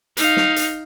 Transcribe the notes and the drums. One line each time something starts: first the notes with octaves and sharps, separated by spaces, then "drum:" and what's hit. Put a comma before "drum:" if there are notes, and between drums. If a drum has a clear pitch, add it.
D#4 F5, drum: hi-hat
drum: snare
drum: hi-hat